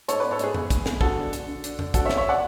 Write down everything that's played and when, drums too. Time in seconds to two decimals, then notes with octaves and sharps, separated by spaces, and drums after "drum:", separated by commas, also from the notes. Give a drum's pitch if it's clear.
0.08 G#2 A4 C#5, drum: hi-hat
0.20 B3 B4 D5
0.31 A4 C#5
0.39 G#2 G#4 B4, drum: hi-hat
0.54 E2, drum: tom F2
0.70 G#3, drum: kick, hi-hat
0.86 E2, drum: snare
1.01 D3 F#4 A4, drum: kick
1.17 D4
1.33 D3, drum: hi-hat
1.47 D3
1.64 D4, drum: hi-hat
1.79 D3, drum: tom F2
1.94 D4 F#4 A4, drum: kick, hi-hat
2.05 C#5 E5
2.09 B3, drum: snare
2.17 C#5 E5
2.28 D5 F#5